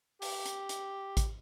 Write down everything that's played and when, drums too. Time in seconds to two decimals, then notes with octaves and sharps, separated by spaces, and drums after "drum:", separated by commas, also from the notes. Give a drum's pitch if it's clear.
0.22 G4, drum: open hi-hat
0.46 drum: hi-hat
0.69 drum: hi-hat
1.17 drum: kick A1, hi-hat